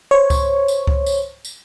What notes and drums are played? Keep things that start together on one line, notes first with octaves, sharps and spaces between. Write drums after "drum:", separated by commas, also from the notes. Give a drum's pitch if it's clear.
C5 C#5
drum: kick C#2, tambourine
drum: tambourine
drum: kick C#2
drum: tambourine
drum: tambourine